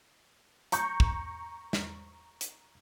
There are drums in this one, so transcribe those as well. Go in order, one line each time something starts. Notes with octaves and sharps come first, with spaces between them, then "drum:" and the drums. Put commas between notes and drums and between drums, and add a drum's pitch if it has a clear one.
A#5 C#6 G6, drum: hi-hat
drum: kick
drum: snare
drum: hi-hat